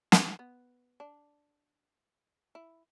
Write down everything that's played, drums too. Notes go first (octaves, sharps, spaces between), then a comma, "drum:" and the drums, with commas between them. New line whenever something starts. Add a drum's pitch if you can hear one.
drum: snare
B3
D4
E4